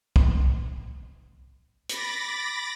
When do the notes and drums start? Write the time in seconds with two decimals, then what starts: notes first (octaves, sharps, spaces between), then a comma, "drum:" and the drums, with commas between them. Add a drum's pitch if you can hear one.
0.16 drum: kick
1.89 B5 D6 A6 A#6, drum: hi-hat